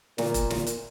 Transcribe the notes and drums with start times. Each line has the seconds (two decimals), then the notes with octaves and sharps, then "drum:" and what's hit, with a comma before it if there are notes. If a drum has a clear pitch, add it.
0.18 A#2, drum: snare
0.34 drum: kick E1, hi-hat
0.50 drum: snare
0.67 drum: hi-hat